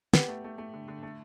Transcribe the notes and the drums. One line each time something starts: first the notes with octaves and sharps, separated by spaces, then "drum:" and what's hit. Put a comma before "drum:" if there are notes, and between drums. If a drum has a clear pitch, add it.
B3 G4, drum: snare
A3
A3
A3
D3
D3
A3